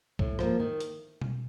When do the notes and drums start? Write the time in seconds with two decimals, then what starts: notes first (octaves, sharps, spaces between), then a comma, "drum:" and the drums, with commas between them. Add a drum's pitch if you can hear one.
0.19 A2, drum: kick C2
0.39 F3 A#3, drum: rim click
0.60 D#3
0.80 drum: hi-hat
1.22 drum: tom B2